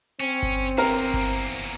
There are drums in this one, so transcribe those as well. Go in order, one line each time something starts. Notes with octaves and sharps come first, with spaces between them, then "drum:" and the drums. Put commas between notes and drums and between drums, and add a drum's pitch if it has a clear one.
C4 C#4
drum: kick G1
E2 A#3 A#4
drum: kick G1